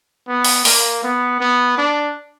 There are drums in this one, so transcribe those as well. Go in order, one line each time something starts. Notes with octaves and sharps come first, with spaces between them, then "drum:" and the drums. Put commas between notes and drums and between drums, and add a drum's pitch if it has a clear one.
B3
drum: open hi-hat
A#3, drum: open hi-hat
B3
B3
D4